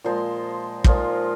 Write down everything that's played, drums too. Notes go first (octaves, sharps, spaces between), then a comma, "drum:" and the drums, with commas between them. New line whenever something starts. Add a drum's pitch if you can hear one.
A#2 F3 G#3 C5
A#2 F3 G#3 F4, drum: kick